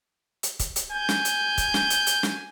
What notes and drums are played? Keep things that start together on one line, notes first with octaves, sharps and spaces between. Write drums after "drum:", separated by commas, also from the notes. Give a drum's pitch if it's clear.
drum: hi-hat
drum: kick, hi-hat
drum: hi-hat
G#5 G6
drum: snare
drum: hi-hat
drum: kick, hi-hat
drum: snare
drum: hi-hat
drum: hi-hat
drum: snare